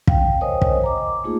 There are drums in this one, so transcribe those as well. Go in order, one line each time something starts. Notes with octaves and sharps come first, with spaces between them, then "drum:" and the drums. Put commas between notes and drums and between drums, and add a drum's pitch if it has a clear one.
F5 G5, drum: kick
A#4 C5 C#5 D#5 G#5 D#6
drum: kick
A#5 D6
A3 A#3 D#4 F4 G#4